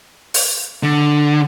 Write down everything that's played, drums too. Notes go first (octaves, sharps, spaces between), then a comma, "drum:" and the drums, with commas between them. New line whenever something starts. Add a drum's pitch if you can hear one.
drum: open hi-hat
D3